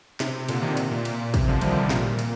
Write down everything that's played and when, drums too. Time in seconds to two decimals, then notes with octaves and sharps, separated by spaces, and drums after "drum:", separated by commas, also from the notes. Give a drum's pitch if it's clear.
0.20 C3, drum: snare
0.34 C3
0.49 A#2 D3, drum: cymbal
0.62 C3 D#3
0.77 C3, drum: cymbal
0.91 A#2
1.05 drum: cymbal
1.34 C3, drum: kick, cymbal
1.48 D3 F3
1.61 D#3 G3, drum: cymbal
1.76 C3
1.90 A#2, drum: snare
2.19 drum: cymbal